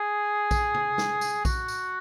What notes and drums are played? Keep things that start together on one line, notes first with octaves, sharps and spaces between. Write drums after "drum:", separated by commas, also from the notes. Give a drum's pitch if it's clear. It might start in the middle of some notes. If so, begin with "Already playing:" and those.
Already playing: G#4
drum: kick A#1, tambourine
drum: tom C3
drum: snare
drum: tambourine
F#4, drum: kick A#1, tambourine
drum: tambourine